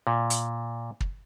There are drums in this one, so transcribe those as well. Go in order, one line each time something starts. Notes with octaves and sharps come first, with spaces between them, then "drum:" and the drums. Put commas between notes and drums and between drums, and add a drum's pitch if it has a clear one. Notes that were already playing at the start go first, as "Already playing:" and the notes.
A#2
drum: hi-hat
drum: kick